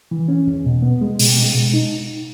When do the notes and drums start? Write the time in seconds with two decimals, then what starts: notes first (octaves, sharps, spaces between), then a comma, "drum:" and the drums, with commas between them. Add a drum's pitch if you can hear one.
0.11 E3
0.28 C#4
0.47 E2
0.65 B2
0.82 B3
1.01 G#3
1.19 B2, drum: open hi-hat
1.38 G#3
1.55 B2
1.74 D#4